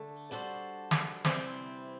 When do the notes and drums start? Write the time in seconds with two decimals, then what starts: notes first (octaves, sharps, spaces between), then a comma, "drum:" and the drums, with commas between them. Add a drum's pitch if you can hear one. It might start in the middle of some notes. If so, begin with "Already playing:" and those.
Already playing: D3 A3
0.31 G3 D4 F#4 A4 C5
0.91 drum: snare
1.25 C3 E3 G3 C4 E4, drum: snare